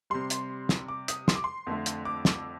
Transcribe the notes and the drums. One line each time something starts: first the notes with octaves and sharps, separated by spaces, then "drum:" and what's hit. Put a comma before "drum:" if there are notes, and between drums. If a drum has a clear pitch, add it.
C3 G3 C6
drum: hi-hat
drum: snare
D6
D#6, drum: hi-hat
C6, drum: snare
D6
C6
F2 D3 A3
drum: hi-hat
D6
drum: snare